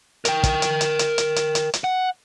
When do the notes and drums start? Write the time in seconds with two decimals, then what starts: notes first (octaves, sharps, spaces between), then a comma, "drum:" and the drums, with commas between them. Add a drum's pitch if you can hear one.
0.25 A#4 G5, drum: hi-hat
0.43 drum: kick, hi-hat
0.62 drum: hi-hat
0.81 drum: hi-hat
0.99 drum: hi-hat
1.18 drum: hi-hat
1.36 drum: hi-hat
1.55 drum: hi-hat
1.74 drum: hi-hat
1.84 F#5